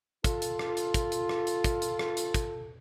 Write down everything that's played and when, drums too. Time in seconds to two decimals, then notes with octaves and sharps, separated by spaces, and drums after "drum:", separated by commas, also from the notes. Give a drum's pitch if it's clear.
0.24 F4 A4, drum: kick, hi-hat
0.42 drum: hi-hat
0.59 drum: rim click
0.77 drum: hi-hat
0.94 drum: kick, hi-hat
1.12 drum: hi-hat
1.29 drum: rim click
1.47 drum: hi-hat
1.64 drum: kick, hi-hat
1.82 drum: hi-hat
1.99 drum: rim click
2.17 drum: hi-hat
2.34 drum: kick, hi-hat